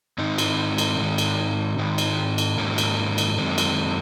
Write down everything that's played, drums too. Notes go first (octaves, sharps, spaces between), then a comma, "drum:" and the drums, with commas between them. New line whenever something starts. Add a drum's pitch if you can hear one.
G#2 D#3 C4 D#4
drum: cymbal
drum: cymbal
G#2 D#3
drum: cymbal
G#2 D#3
drum: cymbal
drum: cymbal
G#2 D#3 A#3 C#4
drum: cymbal
drum: cymbal
F#2 D#3 G#3 C4
drum: cymbal